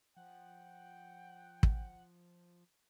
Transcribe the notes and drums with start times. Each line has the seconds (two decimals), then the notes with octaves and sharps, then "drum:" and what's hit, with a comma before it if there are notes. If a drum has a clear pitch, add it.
0.17 F3 F#5 G5
1.63 drum: kick